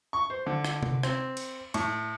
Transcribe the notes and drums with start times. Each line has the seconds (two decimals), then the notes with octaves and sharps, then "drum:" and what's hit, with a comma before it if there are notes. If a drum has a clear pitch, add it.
0.13 C#6
0.30 C5
0.46 D3
0.65 drum: rim click
0.83 drum: tom C3
1.03 C4, drum: rim click
1.37 drum: cymbal
1.74 A2, drum: cymbal